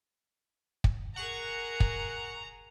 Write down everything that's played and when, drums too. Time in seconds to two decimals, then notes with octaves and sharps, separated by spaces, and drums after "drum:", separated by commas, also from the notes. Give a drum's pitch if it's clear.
0.84 drum: kick
1.16 G#4 A#4 F#5 A#5 C#6
1.80 drum: kick